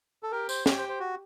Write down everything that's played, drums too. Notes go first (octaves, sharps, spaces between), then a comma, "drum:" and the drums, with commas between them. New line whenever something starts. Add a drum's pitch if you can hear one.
A4
G4 A#4
C5, drum: tambourine
G4 C#5, drum: snare
C5
C5
F#4